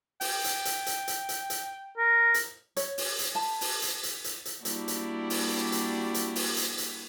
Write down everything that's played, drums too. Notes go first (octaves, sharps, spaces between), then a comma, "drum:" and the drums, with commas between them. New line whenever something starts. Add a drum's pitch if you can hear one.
G5, drum: open hi-hat
drum: hi-hat
drum: hi-hat
drum: hi-hat
drum: hi-hat
drum: hi-hat
drum: hi-hat
A#4
drum: hi-hat
C#5, drum: hi-hat
drum: open hi-hat
drum: hi-hat
A5
drum: open hi-hat
drum: hi-hat
drum: hi-hat
drum: hi-hat
drum: hi-hat
G3 A#3 D4 E4 F#4 G4, drum: hi-hat
drum: hi-hat
drum: open hi-hat
drum: hi-hat
drum: hi-hat
drum: open hi-hat
drum: hi-hat
drum: hi-hat